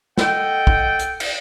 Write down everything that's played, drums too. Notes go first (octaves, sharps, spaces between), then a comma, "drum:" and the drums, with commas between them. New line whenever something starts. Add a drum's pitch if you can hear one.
A4 D#5 F#5 G5, drum: snare
drum: kick
drum: hi-hat
drum: cymbal